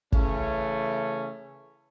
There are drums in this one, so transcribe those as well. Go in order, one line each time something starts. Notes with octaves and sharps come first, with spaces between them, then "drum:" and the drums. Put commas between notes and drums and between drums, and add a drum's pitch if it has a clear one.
C#3 E3 A3 C#4, drum: kick